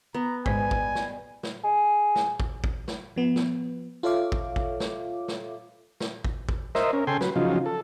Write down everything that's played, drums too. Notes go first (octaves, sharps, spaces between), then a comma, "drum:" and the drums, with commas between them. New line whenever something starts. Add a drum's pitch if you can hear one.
B3 A#5
G#2 G3 B4 C5 D#5 G#5 B6, drum: kick
drum: kick
drum: snare
drum: snare
G#4
drum: snare
drum: kick
drum: kick
drum: snare
F3 B3
drum: snare
F4 A4 C#5 E5 F5 D6
drum: kick
drum: kick
drum: snare
drum: snare
drum: snare
drum: kick
drum: kick
A#4 C5 D#5 E5, drum: snare
C#4 A#4
C#3 A4 G5 G#5 C6
F#3 B4, drum: snare
C#3 F3 F#3 D#4 F4
A4